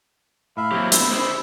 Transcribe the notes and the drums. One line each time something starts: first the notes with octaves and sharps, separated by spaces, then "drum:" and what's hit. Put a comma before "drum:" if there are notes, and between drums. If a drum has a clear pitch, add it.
A2 E5 F5 B5
F#3 A#3 C4 E4 G4
G#3 A3 B3 E6, drum: hi-hat
C#4 G4 G#4 C5